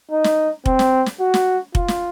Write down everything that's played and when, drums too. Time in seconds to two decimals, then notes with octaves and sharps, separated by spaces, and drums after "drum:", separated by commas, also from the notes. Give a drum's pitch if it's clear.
0.11 D#4
0.24 drum: snare
0.66 C4, drum: kick F1
0.79 drum: snare
1.06 drum: snare
1.20 F#4
1.34 drum: snare
1.75 F4, drum: kick F1
1.88 drum: snare